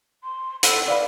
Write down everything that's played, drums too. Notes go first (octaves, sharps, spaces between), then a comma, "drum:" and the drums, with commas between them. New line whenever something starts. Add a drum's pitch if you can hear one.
C6
C4 E4 A4 F#5, drum: hi-hat
B4 D5 F5 B5